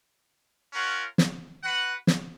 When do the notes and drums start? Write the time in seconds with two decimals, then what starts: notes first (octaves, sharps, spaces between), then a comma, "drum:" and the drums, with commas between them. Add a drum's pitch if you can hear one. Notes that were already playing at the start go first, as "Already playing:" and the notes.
0.73 C#4 F4 A#4 C#5 F#5
1.18 drum: snare
1.63 F#4 B4 F#5
2.07 drum: snare